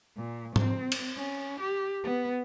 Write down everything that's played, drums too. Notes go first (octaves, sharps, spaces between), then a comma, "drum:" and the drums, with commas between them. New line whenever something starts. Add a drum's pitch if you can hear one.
A#2
C4, drum: tom G#2
drum: cymbal
C#4
G4
B3